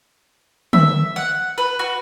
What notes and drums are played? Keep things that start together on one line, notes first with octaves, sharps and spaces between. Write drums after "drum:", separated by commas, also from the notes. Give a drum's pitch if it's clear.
E5, drum: tom
F#5
B4
F#4